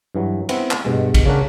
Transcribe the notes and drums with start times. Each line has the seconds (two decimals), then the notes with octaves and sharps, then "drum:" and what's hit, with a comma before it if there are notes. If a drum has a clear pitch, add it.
0.15 G2 E3 F#3
0.49 B3 C4 E4, drum: cymbal
0.71 drum: clap
0.85 G2 B2 G#3
1.14 drum: kick, cymbal
1.26 C#3 C#4 D4 A#4 F#5